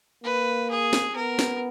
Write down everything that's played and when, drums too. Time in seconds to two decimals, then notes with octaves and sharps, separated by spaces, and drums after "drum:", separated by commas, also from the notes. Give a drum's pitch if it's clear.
0.24 A#3 B4
0.70 G#4
0.93 drum: snare
1.15 B3 A#4
1.39 drum: snare